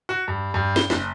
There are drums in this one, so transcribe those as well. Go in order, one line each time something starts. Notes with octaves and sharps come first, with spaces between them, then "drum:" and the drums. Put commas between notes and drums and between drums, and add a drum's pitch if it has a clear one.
F#4
G2
G2
G7, drum: snare
F#1, drum: snare